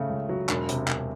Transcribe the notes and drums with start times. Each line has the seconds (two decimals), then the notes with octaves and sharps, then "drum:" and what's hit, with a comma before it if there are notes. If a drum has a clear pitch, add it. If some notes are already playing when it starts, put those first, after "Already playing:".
Already playing: C#3 A3
0.10 C#2
0.29 F#3
0.49 E1, drum: clap
0.69 C3, drum: hi-hat
0.88 E1, drum: clap